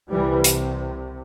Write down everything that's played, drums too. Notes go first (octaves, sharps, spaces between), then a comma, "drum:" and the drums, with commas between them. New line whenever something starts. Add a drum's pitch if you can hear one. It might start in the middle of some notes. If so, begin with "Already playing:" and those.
C2 C3 E3 G3
drum: hi-hat